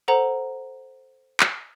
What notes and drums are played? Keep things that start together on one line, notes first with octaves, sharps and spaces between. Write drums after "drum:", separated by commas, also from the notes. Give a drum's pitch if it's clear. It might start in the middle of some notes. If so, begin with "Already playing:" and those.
A4 C5 F#5 A#5
drum: clap